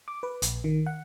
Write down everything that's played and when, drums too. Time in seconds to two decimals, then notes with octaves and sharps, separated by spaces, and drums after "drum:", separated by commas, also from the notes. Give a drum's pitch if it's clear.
0.08 D6
0.23 B4
0.42 A#1, drum: hi-hat
0.64 D#3
0.86 F#5